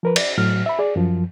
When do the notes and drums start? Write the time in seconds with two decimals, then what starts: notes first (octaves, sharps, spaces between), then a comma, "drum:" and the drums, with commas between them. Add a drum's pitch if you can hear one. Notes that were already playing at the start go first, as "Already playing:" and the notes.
0.03 F3 A#4 B4
0.16 D5, drum: cymbal
0.38 A2 F#3 F6
0.66 E5 B5
0.79 G#4 D5
0.96 F#2 F3